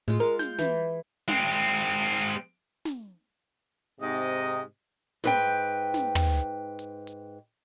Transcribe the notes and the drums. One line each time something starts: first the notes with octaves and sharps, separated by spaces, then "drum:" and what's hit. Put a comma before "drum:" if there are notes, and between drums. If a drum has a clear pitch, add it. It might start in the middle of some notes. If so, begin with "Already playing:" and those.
A2 G#3 F4
A#4 F5, drum: open hi-hat
G6, drum: snare
E3, drum: snare
G#3 C4, drum: snare
drum: snare
G#2 C3 D#5
G#2 B4 G5, drum: snare
drum: snare
drum: tom
drum: hi-hat
drum: hi-hat